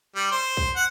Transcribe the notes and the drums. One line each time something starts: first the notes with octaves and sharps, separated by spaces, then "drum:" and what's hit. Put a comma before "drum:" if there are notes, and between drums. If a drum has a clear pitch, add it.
G3
C5
drum: kick
F#5